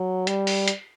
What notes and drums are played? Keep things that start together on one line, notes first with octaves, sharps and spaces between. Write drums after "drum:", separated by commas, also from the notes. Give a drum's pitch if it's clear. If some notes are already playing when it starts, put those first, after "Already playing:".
Already playing: F#3
G3, drum: hi-hat
drum: open hi-hat
drum: hi-hat